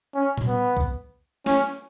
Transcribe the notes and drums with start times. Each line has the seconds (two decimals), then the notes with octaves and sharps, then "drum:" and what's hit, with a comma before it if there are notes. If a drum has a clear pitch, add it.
0.15 C#4
0.38 drum: tom
0.47 B3
0.77 drum: kick
1.46 C#4, drum: snare